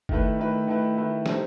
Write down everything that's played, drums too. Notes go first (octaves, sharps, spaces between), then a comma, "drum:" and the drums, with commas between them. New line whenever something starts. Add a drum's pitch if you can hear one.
D#3 A3 E4 B4, drum: kick F#1
D#3 A3 E4 B4
D#3 A3 E4 B4
D#3 A3 E4 B4
G3 D#4 A4 C5, drum: snare